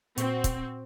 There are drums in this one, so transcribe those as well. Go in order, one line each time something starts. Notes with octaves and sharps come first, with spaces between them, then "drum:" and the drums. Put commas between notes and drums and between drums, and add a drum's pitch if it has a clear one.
A#2 C4 F#4 C#6, drum: hi-hat
drum: kick, hi-hat